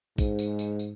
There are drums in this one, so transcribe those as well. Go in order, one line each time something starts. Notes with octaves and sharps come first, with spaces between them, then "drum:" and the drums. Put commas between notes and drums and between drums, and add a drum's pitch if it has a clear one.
G#2, drum: kick, tambourine
drum: tambourine
drum: tambourine
drum: tambourine